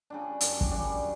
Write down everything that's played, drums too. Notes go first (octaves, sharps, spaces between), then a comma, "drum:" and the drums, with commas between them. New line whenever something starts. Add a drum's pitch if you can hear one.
C#3 G3 D4
F#2, drum: hi-hat
drum: kick
C#3 G3 D4